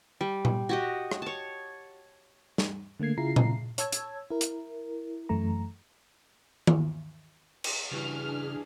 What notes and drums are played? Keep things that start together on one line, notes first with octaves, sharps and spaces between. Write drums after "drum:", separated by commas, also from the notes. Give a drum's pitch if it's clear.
G3
drum: tom A#2
F#4 G4 D#5
drum: rim click
C#5 A5
drum: snare
D3 A3 A#3 G#6 C7
C#3 E4 F4 G#4 A#5 C7
drum: tom A#2
C#5 A5 E6 G#6, drum: hi-hat
drum: hi-hat
E4 A#4
drum: hi-hat
F#2 E3 A3 A#5
drum: tom D#3
drum: cymbal
G2 C#3 E3 D4 F#4 G#4 F6